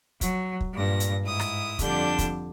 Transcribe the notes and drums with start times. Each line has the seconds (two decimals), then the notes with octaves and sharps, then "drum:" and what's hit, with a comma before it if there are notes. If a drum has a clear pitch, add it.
0.21 F#3, drum: kick, hi-hat
0.61 drum: kick
0.75 G2 A#2 A#6
1.00 drum: hi-hat
1.25 G#2 E4 D#6
1.39 drum: rim click
1.79 F2 D3 G3 D4 G6, drum: kick, hi-hat
2.18 drum: kick, hi-hat